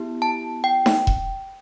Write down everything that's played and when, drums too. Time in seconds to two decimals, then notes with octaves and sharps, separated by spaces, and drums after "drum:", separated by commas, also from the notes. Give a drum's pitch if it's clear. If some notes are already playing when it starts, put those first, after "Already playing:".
Already playing: B3 E4 G4
0.22 A5
0.64 G5
0.86 drum: snare D#4
1.07 drum: kick E1